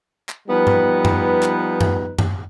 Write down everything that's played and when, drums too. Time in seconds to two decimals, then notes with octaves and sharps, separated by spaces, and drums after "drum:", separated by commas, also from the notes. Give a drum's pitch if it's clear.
0.29 drum: clap
0.48 F3 G3 B3 D#4 B4
0.67 drum: tom G2
1.05 drum: tom F#2
1.43 drum: clap
1.81 drum: tom F#2
2.19 drum: tom F#2